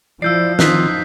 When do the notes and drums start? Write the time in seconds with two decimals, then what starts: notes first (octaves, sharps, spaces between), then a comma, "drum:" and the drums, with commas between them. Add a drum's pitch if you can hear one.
0.22 F3 E4 D5 E6 G6 C7
0.59 D#3 C4 D#4 F4 F#6 B6, drum: snare